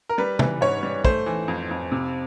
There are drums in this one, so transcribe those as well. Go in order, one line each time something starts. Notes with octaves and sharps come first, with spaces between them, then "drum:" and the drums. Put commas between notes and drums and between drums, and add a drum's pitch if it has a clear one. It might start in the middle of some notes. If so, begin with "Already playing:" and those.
A#4
G3 B4
E3, drum: tom
G#2 C#5
G3
A3 C5, drum: kick
E3
F2
F2
C3